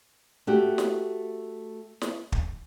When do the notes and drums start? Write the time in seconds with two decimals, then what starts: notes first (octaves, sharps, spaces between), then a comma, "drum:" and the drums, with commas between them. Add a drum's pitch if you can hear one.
0.47 A3 F#4 G4
0.78 drum: snare
2.01 drum: snare
2.32 drum: kick